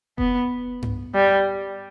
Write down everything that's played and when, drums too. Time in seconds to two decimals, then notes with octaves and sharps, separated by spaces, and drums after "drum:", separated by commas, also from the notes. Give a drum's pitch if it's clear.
0.18 B3, drum: kick F1
0.82 drum: tom G2
1.14 G3